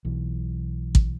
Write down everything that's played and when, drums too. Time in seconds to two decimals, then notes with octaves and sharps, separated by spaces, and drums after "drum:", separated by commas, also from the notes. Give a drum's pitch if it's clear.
0.05 B1 E3
0.95 drum: kick